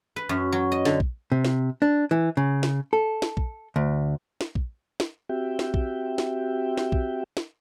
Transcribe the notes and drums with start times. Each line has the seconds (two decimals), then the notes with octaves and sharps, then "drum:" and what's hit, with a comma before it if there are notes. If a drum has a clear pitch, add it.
0.16 B4
0.29 F#2
0.52 F#3
0.72 D#5
0.85 D3, drum: snare
1.00 drum: kick
1.32 C3
1.45 drum: snare
1.82 D4
2.11 E3
2.37 C#3
2.63 drum: snare
2.93 A4
3.22 drum: snare
3.37 drum: kick
3.76 D2
4.41 drum: snare
4.55 drum: kick
5.00 drum: snare
5.29 C4 F#4 G4 E5 G5
5.59 drum: snare
5.74 drum: kick
6.18 drum: snare
6.77 drum: snare
6.92 drum: kick
7.37 drum: snare